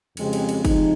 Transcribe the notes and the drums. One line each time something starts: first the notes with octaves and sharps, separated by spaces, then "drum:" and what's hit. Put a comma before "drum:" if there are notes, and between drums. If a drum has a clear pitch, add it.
F2 C#3 G#3 C4 G4, drum: cymbal
drum: cymbal
drum: cymbal
C3 F3 G#3 D#4, drum: kick, cymbal